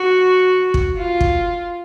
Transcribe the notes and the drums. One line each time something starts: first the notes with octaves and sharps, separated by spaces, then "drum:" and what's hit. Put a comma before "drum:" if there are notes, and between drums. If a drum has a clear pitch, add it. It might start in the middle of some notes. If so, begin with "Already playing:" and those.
Already playing: F#4
drum: kick
F4
drum: kick